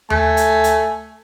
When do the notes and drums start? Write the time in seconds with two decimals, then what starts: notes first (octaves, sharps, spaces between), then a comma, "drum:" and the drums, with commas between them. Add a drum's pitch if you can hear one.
0.10 A3 G#5, drum: tom D#2
0.37 drum: hi-hat
0.64 drum: hi-hat